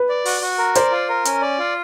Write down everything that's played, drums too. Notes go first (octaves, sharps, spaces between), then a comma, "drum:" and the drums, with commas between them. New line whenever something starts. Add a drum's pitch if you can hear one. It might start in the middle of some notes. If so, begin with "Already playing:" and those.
Already playing: B4
D5
F#4, drum: open hi-hat
F#4
A#4
C5 D5, drum: hi-hat
F4
A#4
C#4, drum: hi-hat
D5
F4